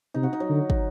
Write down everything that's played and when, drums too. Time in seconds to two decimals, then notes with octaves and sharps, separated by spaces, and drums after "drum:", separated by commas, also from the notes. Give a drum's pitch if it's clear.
0.14 C3 D#4
0.23 F#4
0.33 D#4
0.40 F#3
0.49 D3
0.70 drum: kick